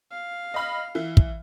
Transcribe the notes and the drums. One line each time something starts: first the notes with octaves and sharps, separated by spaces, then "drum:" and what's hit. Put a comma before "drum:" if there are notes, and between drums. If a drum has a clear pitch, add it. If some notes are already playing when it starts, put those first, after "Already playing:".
F5
D#5 B5 F6
E3
drum: kick